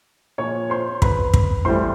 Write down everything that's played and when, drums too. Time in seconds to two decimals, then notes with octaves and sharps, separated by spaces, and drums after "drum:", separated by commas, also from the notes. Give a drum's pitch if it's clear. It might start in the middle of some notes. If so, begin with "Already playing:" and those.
0.38 A#2 F3 C#5 C#6
0.70 C5 C6
1.02 B4 B5, drum: kick
1.34 drum: kick
1.65 A2 E3 G3 C5 C6